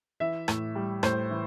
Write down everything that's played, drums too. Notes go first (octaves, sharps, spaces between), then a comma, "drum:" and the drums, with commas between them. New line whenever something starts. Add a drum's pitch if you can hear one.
E3 E5
A2, drum: rim click
G3
A2 C5, drum: rim click
E3